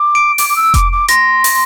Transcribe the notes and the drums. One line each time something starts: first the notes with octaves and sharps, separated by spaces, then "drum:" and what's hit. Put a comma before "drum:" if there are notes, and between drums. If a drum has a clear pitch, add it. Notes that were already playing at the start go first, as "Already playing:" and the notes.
Already playing: D6
D7
D6, drum: open hi-hat
D6
E6
D6, drum: kick F1, hi-hat
D6
C6 A#6, drum: hi-hat
drum: open hi-hat